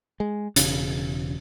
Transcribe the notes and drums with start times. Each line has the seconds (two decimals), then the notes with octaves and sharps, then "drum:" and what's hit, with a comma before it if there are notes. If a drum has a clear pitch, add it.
0.20 G#3
0.56 E1 C#3, drum: hi-hat